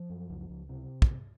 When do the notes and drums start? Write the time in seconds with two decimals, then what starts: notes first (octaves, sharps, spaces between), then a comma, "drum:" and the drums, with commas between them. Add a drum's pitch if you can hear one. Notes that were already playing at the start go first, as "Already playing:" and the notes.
Already playing: F3
0.10 F#2
0.30 C#2
0.49 C#2
0.69 C3
1.02 drum: kick